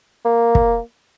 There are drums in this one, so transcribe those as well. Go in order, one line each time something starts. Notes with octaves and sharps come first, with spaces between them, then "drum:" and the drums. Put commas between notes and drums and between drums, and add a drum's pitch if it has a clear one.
A#3
drum: kick